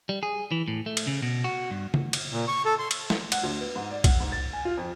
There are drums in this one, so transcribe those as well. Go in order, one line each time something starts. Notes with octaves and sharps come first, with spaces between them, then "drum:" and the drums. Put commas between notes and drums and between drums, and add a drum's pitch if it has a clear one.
G3
G#4
E3
A2
A3
drum: cymbal
C#3
B2
F#4
G2
drum: tom C#3
drum: cymbal
A#2
C#6
A4
C6
drum: cymbal
drum: snare G#3
F#5, drum: cymbal
D2
B3
G#2
D5
F#5, drum: kick B1, cymbal
G#2
A6
G#5
F4
F2